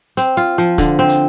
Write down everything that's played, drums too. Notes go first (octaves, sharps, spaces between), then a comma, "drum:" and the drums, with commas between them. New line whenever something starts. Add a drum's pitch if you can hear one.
C4, drum: hi-hat
F4
F3
D3, drum: kick, hi-hat
C4
drum: hi-hat